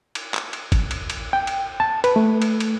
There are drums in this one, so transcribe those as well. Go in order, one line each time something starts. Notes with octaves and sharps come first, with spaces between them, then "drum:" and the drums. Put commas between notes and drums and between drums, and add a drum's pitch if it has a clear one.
drum: cymbal
drum: clap
drum: cymbal
drum: kick G#1, cymbal
drum: cymbal
drum: cymbal
G5
drum: cymbal
A5
B4, drum: cymbal
A3
drum: cymbal
drum: cymbal